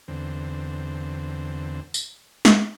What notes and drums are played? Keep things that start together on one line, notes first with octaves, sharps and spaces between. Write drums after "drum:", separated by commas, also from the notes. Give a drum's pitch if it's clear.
E2 D3 C4
drum: tambourine
drum: snare